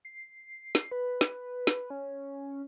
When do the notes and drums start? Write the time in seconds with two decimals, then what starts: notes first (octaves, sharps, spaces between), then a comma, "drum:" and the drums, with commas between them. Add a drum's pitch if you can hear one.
0.05 C7
0.75 drum: snare
0.92 B4
1.21 drum: snare
1.67 drum: snare
1.90 C#4